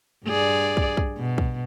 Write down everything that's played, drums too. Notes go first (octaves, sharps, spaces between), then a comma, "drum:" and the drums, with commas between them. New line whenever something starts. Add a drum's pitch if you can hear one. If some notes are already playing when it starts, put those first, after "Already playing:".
G2 G#4 D5
drum: kick
drum: kick
B2
drum: kick